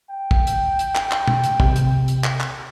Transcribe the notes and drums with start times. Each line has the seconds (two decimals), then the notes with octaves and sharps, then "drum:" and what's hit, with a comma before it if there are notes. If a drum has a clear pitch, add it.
0.10 G5
0.31 drum: kick
0.47 drum: hi-hat
0.79 drum: hi-hat
0.95 drum: clap
1.11 drum: clap
1.27 drum: tom
1.44 drum: hi-hat
1.60 C3, drum: kick
1.76 drum: hi-hat
2.08 drum: hi-hat
2.24 drum: clap
2.40 drum: clap